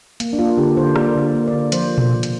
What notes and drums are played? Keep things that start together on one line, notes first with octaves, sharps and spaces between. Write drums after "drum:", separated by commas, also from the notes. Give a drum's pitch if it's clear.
A#3, drum: hi-hat
D4
A#3 F4
D3 G4
D3 C5
A#3 D5, drum: rim click
D3
A#3
D5
D3
F3 C5, drum: hi-hat
drum: tom A#2
drum: hi-hat